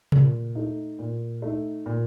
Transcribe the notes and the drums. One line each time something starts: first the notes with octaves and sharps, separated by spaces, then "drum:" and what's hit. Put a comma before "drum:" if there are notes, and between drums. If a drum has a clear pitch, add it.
A#2, drum: tom C3
A3 D#4
A#2
A3 D#4
A#2